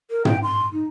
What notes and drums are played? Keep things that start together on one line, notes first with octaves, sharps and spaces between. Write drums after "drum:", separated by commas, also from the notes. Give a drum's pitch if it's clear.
A#4
G5, drum: tom
C6
D#4